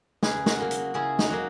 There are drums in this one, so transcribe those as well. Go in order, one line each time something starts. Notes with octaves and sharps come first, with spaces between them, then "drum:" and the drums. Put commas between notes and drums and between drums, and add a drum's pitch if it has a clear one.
C#3 G#4 B4, drum: snare
F#4 A#4, drum: snare
F#3 A#3
drum: hi-hat
C#3 E4 G#4
D#4 F#4, drum: snare
F#3 A#3